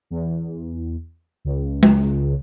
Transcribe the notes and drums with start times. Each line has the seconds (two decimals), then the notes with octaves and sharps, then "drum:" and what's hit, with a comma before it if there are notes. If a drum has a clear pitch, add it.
0.10 E2
1.45 C#2
1.83 drum: tom G#3